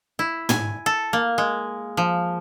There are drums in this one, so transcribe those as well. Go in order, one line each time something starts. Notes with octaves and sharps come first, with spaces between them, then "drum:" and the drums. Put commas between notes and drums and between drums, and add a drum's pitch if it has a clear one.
E4
G#5, drum: tom
A4
A#3
G#3
F3